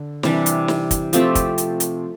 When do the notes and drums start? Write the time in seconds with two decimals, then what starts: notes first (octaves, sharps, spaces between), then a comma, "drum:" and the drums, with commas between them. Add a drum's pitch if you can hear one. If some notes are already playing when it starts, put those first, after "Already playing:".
Already playing: D3
0.23 C3 E3 G3 D4, drum: snare
0.46 drum: hi-hat
0.68 drum: snare
0.91 drum: kick, hi-hat
1.13 F3 A3 C4 G4, drum: hi-hat
1.35 drum: kick, hi-hat
1.58 drum: hi-hat
1.80 drum: hi-hat